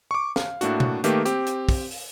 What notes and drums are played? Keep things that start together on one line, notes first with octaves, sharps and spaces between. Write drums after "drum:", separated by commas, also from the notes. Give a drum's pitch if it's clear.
C#6 D6
F5, drum: snare
A2 A3 A#3 D4 F#4, drum: hi-hat
drum: tom B2
D#3 A3 A#3 G4 B4, drum: hi-hat
C4 G4, drum: hi-hat
drum: hi-hat
drum: kick, open hi-hat
drum: open hi-hat